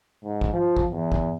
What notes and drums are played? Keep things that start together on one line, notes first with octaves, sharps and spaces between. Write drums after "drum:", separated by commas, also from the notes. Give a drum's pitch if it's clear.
G#2
drum: kick
F3
drum: kick
E2
drum: kick